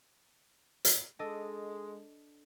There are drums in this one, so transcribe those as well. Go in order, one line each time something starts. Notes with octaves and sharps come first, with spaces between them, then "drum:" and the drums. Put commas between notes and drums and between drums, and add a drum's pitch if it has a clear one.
drum: hi-hat
G#3 D4 A4 D#5